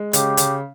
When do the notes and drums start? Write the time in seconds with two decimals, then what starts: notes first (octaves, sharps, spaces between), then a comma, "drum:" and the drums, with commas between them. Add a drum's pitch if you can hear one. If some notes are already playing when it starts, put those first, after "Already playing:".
Already playing: G#3
0.13 C#3 G4, drum: hi-hat
0.37 C#3, drum: hi-hat